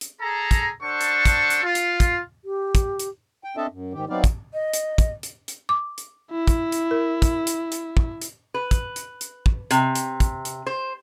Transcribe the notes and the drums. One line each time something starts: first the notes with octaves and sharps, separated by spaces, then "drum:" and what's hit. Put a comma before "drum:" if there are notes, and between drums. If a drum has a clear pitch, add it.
drum: hi-hat
G#4 A4 A#5
drum: kick, hi-hat
D4 A4 C5 F#5 C#6
drum: hi-hat
drum: kick, hi-hat
drum: hi-hat
F4
drum: hi-hat
drum: kick, hi-hat
G4
drum: kick, hi-hat
drum: hi-hat
G5
C4 D4 A4 D#5 E5 A5
F#2
G#2 D#3 G4
F#3 B3 C4 D#4 D5 F5
drum: kick, hi-hat
D#5
drum: hi-hat
drum: kick, hi-hat
drum: hi-hat
drum: hi-hat
D6
drum: hi-hat
E4
drum: kick, hi-hat
drum: hi-hat
A#4
drum: kick, hi-hat
drum: hi-hat
drum: hi-hat
drum: kick
drum: hi-hat
B4
drum: kick, hi-hat
drum: hi-hat
drum: hi-hat
drum: kick
C3, drum: hi-hat
drum: hi-hat
drum: kick, hi-hat
drum: hi-hat
C5